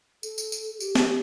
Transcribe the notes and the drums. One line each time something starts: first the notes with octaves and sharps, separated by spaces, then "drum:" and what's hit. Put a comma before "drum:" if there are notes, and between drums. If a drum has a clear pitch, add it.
A4, drum: tambourine
drum: tambourine
drum: tambourine
A4
G4, drum: tambourine
drum: snare